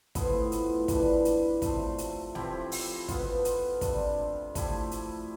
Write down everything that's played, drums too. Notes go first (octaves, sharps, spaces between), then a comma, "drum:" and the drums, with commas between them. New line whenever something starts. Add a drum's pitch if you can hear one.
A2 F3 B3 E4, drum: kick, hi-hat
drum: hi-hat
E3 G3 D4, drum: kick, hi-hat
drum: hi-hat
C3 F3 A3, drum: kick, hi-hat
drum: hi-hat
F3 C4 E4 G4, drum: snare
drum: open hi-hat
B2 B3 F4, drum: kick, hi-hat
drum: hi-hat
C3 G3 D4 F4, drum: kick, hi-hat
F3 A3 E4 G4, drum: kick, hi-hat
drum: hi-hat